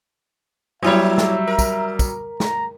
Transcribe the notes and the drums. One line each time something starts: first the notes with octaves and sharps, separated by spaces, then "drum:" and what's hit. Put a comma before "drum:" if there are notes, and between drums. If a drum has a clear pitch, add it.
F#3 G3 A#3 E4 C#5 E5
drum: snare
A#4
drum: kick, tambourine
drum: kick, tambourine
A#5, drum: snare